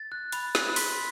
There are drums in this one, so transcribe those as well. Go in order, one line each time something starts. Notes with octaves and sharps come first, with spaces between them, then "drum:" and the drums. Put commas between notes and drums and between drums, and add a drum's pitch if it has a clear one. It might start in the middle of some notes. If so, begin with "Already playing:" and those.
Already playing: A6
F#6
B5 A6, drum: hi-hat
F#6, drum: snare
C6 B6, drum: open hi-hat